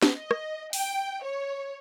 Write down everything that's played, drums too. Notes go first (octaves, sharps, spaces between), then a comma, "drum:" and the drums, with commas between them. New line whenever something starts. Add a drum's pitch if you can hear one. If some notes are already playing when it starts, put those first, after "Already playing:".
drum: snare
D#5
drum: rim click
G5, drum: open hi-hat
C#5